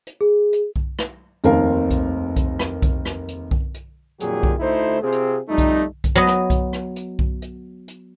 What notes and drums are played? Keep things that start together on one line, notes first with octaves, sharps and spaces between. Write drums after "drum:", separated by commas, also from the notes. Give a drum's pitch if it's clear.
drum: hi-hat
G#4
drum: hi-hat
drum: kick B1
drum: rim click
F1 D#2 C4 A#4 F5, drum: hi-hat
drum: kick B1, hi-hat
drum: kick B1, hi-hat
drum: rim click
drum: kick B1, hi-hat
drum: rim click
drum: hi-hat
drum: kick B1
drum: hi-hat
F2 A#2 D#3 F#3 G4 G#4, drum: hi-hat
drum: kick B1
D2 A3 D#4 E4 C5
C3 C4 F4 G#4
drum: hi-hat
F2 G3 A3 D#4
drum: kick B1, hi-hat
drum: kick B1, hi-hat
F#3 B3 D#5
drum: rim click
drum: kick B1, hi-hat
drum: rim click
drum: hi-hat
drum: kick B1
drum: hi-hat
drum: hi-hat